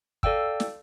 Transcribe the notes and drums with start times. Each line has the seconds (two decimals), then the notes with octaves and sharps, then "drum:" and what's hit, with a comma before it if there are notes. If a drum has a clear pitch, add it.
0.23 A4 D5 F5 G5 E6, drum: kick
0.60 drum: snare